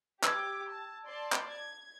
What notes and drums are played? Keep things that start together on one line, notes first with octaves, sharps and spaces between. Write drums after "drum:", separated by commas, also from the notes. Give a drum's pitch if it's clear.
G4 D6 E6 G#6, drum: clap
A5
D5 A5 C6
drum: clap
G#6